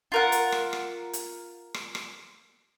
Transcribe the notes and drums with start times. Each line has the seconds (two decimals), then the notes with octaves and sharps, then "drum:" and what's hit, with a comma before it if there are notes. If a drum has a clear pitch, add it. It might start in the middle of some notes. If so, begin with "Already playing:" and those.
0.12 F4 A#4 F#5
0.32 drum: hi-hat
0.52 drum: rim click
0.73 drum: rim click
1.13 drum: hi-hat
1.74 drum: rim click
1.95 drum: rim click